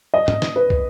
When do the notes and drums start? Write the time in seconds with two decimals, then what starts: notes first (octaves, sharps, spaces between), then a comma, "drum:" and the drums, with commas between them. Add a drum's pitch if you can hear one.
0.14 D#5
0.28 drum: tom
0.42 drum: snare
0.56 B4
0.70 drum: kick